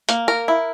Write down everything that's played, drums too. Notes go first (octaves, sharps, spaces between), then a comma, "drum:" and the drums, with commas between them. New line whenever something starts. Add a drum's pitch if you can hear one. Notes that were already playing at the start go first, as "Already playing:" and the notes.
A#3, drum: hi-hat
A#4
E4